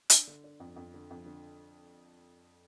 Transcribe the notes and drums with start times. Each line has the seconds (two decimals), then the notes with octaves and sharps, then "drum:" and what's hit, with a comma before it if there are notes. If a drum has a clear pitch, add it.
0.10 D4, drum: hi-hat
0.27 D3
0.44 D4
0.60 F2
0.76 F2
0.94 D3
1.11 F2
1.26 D3